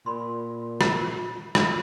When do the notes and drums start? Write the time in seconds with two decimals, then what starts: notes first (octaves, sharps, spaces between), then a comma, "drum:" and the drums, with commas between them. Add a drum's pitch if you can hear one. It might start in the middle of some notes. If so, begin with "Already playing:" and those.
0.06 A#2 B5 C6
0.81 drum: rim click
1.55 drum: rim click